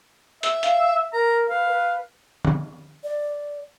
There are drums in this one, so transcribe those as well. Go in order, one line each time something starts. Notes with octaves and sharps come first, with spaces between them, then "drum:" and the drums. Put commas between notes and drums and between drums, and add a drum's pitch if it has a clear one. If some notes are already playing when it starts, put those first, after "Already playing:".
E5, drum: hi-hat
F5, drum: hi-hat
A#4 A#5
B4 F5
B4
drum: tom D3
D5